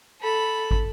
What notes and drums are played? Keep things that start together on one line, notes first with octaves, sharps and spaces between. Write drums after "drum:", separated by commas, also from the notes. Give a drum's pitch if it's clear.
A4 B5
drum: kick